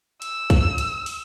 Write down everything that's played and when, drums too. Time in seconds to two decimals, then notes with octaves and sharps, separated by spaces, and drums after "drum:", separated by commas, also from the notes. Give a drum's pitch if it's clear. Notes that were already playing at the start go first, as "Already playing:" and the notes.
0.22 E6, drum: hi-hat
0.50 drum: kick, hi-hat
0.78 drum: hi-hat
1.06 drum: open hi-hat